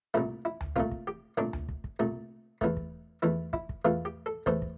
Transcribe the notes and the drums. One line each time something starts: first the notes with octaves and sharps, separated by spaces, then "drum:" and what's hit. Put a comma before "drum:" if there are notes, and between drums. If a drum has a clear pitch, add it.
C2 A#2 A3 E4
E4
drum: tom D2
C2 A#2 A3 F4, drum: kick
drum: kick
G4
C2 A#2 A3 D4
drum: tom D2
drum: kick
drum: kick
C2 A#2 A3
E2 E3 A3, drum: kick
drum: kick
E2 E3 A3 E4
E4, drum: kick
drum: kick
E2 E3 A3 F4
G4
A4
E2 E3 A3 C5, drum: kick
drum: kick